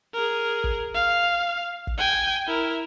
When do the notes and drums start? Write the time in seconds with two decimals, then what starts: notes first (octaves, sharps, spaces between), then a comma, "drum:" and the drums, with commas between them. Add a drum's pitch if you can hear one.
0.14 G#4 A#4
0.64 drum: kick
0.95 F5
1.87 drum: kick
1.97 G5 G#5
2.48 E4 A#4